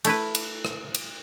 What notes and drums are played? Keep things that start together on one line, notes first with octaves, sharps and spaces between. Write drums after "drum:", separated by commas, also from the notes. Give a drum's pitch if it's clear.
A3 E4 B4, drum: cymbal
drum: cymbal
drum: rim click
drum: cymbal